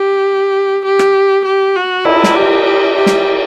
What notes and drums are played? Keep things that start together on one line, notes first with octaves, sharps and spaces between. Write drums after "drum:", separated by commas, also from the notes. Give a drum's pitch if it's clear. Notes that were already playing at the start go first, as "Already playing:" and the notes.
Already playing: G4
G4
drum: rim click
G4
F#4
E4, drum: cymbal
drum: snare
G4
G4
G4
drum: snare